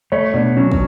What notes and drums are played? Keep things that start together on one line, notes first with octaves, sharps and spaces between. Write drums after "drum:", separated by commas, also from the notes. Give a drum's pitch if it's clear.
A3 C#5
B2 D4
F#3 C#4
drum: kick